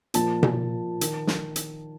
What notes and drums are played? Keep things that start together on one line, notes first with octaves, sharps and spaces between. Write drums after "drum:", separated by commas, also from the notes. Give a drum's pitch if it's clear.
A#2 F3 A5, drum: hi-hat
drum: tom B2
D#3, drum: hi-hat
drum: snare
drum: hi-hat